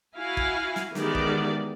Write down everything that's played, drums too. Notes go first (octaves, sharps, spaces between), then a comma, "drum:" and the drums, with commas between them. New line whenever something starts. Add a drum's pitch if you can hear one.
E4 F#4 F5 G#5
drum: kick
drum: snare
D#3 E3 G#3 B3 G4 D5, drum: snare
drum: kick